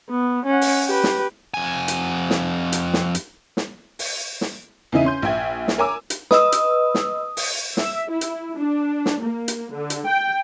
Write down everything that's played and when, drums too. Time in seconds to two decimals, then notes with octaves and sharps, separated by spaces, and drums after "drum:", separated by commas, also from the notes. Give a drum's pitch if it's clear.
0.11 B3
0.47 C#4 F#5
0.61 drum: open hi-hat
0.87 G4 B4
1.04 drum: snare
1.54 F2 G#5
1.88 drum: hi-hat
2.30 drum: snare
2.72 drum: hi-hat
2.94 drum: snare
3.15 drum: hi-hat
3.57 drum: snare
3.99 drum: open hi-hat
4.41 drum: snare
4.92 E2 C#3 D#4 E5 D#7
5.05 C#4 C6 G6
5.22 A#1 E5 G5 G#6
5.68 drum: snare
5.78 A#4 C#5 G#5 A#5 D6 E6
6.10 drum: hi-hat
6.31 B4 D#5 D#6 E6, drum: snare
6.52 drum: hi-hat
6.95 drum: snare
7.37 drum: open hi-hat
7.77 E5, drum: snare
8.10 E4
8.21 drum: hi-hat
8.58 D4
9.06 drum: snare
9.22 A#3
9.48 drum: hi-hat
9.73 D3
9.90 drum: hi-hat
10.07 G5